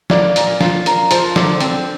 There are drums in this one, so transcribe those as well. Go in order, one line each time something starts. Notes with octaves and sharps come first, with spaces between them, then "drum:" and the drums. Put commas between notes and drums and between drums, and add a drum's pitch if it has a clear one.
A#3 D5, drum: snare
A#2, drum: hi-hat
F4, drum: snare
A#4, drum: hi-hat
F3 C5, drum: hi-hat
D3, drum: snare
C4, drum: hi-hat